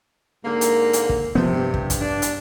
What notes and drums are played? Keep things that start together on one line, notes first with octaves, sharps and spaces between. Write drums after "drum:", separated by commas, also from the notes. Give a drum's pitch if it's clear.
G#2 D3 A#3
drum: hi-hat
drum: hi-hat
drum: kick
C3 F3 B3
G2
drum: kick
drum: kick, hi-hat
D4
drum: hi-hat